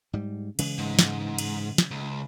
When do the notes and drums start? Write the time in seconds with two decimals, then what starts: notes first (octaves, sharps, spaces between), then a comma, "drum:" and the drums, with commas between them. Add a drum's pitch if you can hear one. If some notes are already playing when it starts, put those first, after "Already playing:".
0.13 G#2 G3
0.59 C#3 E3 G#3, drum: cymbal
0.78 G#2
0.99 drum: snare
1.38 drum: cymbal
1.78 drum: snare
1.91 C#2